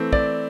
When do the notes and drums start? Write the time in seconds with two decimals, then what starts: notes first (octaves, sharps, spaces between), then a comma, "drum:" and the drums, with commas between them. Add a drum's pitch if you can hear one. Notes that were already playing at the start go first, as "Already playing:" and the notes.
Already playing: E3 A3 C4
0.13 D5, drum: kick